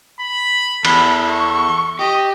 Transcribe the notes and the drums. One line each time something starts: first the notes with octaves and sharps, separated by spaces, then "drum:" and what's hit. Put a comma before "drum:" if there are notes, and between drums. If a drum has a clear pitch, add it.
B5
E2 A4 B5, drum: cymbal
C#6
G4 D#5